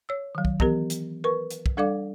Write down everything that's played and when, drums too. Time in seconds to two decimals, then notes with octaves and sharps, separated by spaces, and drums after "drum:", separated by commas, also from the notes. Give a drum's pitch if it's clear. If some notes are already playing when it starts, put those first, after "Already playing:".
0.09 C#5 E6
0.35 D#3 F#3
0.45 drum: kick
0.60 E3 B3 G4 A#4, drum: kick
0.90 drum: hi-hat
1.24 A#4 B4 C#6
1.51 drum: hi-hat
1.66 drum: kick
1.77 G3 D4 A4 D5 F5 D6